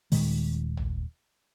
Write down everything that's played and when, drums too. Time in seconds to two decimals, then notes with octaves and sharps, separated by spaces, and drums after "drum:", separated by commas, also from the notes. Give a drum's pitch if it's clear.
0.12 D#1 A#2 D#3 G#3, drum: open hi-hat
0.77 drum: tom